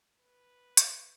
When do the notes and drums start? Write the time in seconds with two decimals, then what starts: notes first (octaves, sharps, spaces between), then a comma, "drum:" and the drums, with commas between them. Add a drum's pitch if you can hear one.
0.19 B4
0.77 drum: hi-hat